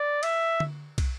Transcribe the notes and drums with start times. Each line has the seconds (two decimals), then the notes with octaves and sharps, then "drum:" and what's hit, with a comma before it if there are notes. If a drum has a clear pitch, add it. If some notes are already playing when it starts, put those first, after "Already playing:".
Already playing: D5
0.23 E5, drum: cymbal
0.60 drum: tom D3
0.98 drum: kick, cymbal